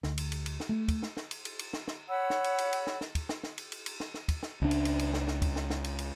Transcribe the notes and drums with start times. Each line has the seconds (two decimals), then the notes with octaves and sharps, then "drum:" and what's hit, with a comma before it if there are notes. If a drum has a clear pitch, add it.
0.03 D2, drum: snare
0.18 drum: cymbal
0.32 drum: cymbal
0.46 drum: cymbal
0.60 drum: snare
0.69 A3
0.88 drum: kick, cymbal
1.03 drum: snare
1.17 drum: snare
1.31 drum: cymbal
1.45 drum: cymbal
1.59 drum: cymbal
1.73 drum: snare
1.88 drum: snare
2.09 C#5 F#5 B5 E6
2.30 drum: snare
2.44 drum: cymbal
2.58 drum: cymbal
2.73 drum: cymbal
2.87 drum: snare
3.01 drum: snare
3.15 drum: kick, cymbal
3.29 drum: snare
3.43 drum: snare
3.58 drum: cymbal
3.72 drum: cymbal
3.86 drum: cymbal
4.00 drum: snare
4.14 drum: snare
4.28 drum: kick, cymbal
4.43 drum: snare
4.62 C#2 D4
4.71 drum: cymbal
4.85 drum: cymbal
4.99 drum: cymbal
5.14 drum: snare
5.28 drum: snare
5.42 drum: kick, cymbal
5.56 drum: snare
5.70 drum: snare
5.84 drum: cymbal
5.99 drum: cymbal